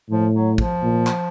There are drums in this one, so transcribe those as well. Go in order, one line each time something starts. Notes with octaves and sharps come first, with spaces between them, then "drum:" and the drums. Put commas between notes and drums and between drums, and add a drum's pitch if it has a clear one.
A2 F3
F#3
F3, drum: kick
A#2
drum: clap